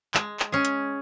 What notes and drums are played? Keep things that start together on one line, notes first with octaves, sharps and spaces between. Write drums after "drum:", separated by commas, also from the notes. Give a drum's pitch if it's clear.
G#3, drum: clap
drum: clap
C#4 G#4
drum: hi-hat